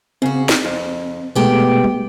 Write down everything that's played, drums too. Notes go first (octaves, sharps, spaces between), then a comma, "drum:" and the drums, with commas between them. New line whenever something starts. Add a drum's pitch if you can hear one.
C#3 C4 F#4
drum: snare
F2
B2 G#3 A3 B3 G4 G5
drum: tom